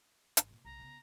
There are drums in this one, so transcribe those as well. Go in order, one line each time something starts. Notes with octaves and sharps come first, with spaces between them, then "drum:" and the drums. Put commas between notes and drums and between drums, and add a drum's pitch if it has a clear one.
G#1 E3, drum: hi-hat
A#2
B1 C3 A#5
C#3 B3